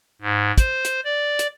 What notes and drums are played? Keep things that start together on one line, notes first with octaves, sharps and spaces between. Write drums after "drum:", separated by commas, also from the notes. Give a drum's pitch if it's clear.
G#2
C5, drum: kick, hi-hat
drum: hi-hat
D5
drum: hi-hat